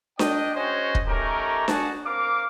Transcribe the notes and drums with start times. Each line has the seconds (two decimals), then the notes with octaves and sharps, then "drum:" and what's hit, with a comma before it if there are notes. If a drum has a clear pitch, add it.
0.19 D4 D#5 G5, drum: snare D4
0.55 C#4 F#4 G#4 C5 C#5 D#5
0.95 drum: kick
1.08 A3 C#4 D#4 G4 A#4
1.68 F#4 G#4 A5, drum: snare D4
2.06 C4 A#4 F5 D6